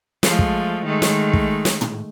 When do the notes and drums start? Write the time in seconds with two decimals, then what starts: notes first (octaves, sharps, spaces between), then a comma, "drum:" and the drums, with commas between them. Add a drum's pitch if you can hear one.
0.23 F3 G#3 A3, drum: snare
0.39 drum: kick
0.85 D#3 G#3 A3
1.02 drum: snare
1.33 drum: kick
1.65 drum: snare
1.81 drum: tom